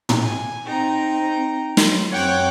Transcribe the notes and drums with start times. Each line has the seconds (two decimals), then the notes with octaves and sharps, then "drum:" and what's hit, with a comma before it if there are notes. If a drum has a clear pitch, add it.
0.09 drum: tom
0.23 G#5
0.64 C4 D#4 G5 A#5
1.77 F#3 F4, drum: snare
2.12 F#2 C4 C#5 F#5 G5 D6